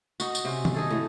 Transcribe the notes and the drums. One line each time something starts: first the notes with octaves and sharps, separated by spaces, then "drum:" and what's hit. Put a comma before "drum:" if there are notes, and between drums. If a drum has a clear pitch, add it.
D#4 F#4, drum: tambourine
drum: tambourine
C3 C#4
drum: tom D#3
D#4 G#4 A4
A2 D3